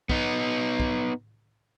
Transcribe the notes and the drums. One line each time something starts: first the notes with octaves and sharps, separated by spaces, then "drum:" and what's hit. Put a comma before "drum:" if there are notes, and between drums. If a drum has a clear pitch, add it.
B3 D#4, drum: kick
drum: kick